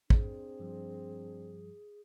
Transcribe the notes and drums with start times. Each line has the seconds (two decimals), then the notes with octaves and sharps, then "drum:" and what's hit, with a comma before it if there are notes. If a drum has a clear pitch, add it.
0.10 C4 D4 G#4, drum: kick
0.59 G2 F3 G3